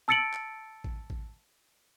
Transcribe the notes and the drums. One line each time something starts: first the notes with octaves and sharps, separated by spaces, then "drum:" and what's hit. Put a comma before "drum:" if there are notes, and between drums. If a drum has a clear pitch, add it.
A5 E6 A6 C#7 D7 F#7
drum: clap
drum: kick A1
drum: kick A1